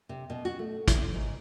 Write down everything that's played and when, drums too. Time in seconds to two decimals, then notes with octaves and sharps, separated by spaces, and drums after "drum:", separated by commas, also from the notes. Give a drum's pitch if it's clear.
0.09 C3
0.30 B2
0.45 F#4
0.59 A3
0.88 E4, drum: kick, hi-hat
1.14 G#2